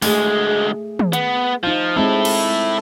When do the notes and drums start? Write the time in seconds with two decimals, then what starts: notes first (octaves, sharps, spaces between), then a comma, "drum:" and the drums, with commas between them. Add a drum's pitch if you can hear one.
0.02 D2 G#3 A3 G#4, drum: open hi-hat
0.99 drum: tom
1.13 B3, drum: hi-hat
1.63 F3 D#4 F4
1.96 G#3 C4 E4 A4
2.25 drum: cymbal